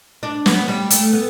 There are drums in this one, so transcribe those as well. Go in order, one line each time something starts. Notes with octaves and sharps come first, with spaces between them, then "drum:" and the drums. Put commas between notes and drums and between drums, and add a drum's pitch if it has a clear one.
D4
B3, drum: snare
G3
A3, drum: hi-hat
B3